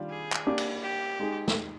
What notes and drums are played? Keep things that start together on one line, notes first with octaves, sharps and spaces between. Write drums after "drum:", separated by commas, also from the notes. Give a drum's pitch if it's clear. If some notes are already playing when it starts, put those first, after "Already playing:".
Already playing: D#3 G3 D4 F4
G#4
drum: clap
A#3 D4 G4 D5
drum: cymbal
G4
G#3 D#4 G#4
drum: snare